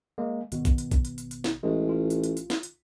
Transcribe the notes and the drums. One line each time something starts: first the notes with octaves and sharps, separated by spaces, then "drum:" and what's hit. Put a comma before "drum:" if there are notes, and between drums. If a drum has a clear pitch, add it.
G#3 A#3
G#1 B2, drum: hi-hat
drum: kick A#1, hi-hat
drum: hi-hat
drum: kick A#1, hi-hat
drum: hi-hat
drum: hi-hat
drum: hi-hat
drum: snare
A1 G#3
F4
drum: hi-hat
drum: hi-hat
drum: hi-hat
drum: snare
drum: hi-hat